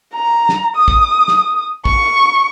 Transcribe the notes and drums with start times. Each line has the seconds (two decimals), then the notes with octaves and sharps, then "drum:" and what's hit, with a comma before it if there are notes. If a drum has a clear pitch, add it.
0.14 A#5
0.49 drum: snare
0.76 D#6
0.88 drum: kick
1.28 drum: snare
1.85 C#6, drum: kick